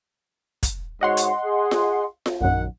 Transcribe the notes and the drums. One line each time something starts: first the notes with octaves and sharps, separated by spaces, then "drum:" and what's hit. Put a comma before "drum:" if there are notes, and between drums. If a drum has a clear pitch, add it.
drum: kick, hi-hat
G#2 F#4 C#5 D#5 F#5 C6
drum: hi-hat
G#4
drum: snare F4
drum: snare F4
A#1 F#2 D#3 F#5